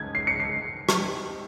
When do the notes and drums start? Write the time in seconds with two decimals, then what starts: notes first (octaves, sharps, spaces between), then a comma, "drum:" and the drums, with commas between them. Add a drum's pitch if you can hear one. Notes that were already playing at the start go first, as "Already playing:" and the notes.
Already playing: C#3 G#3 D#4 G#6
0.15 C7
0.27 C#7
0.40 C7
0.89 G3 C4 D#4 G4, drum: rim click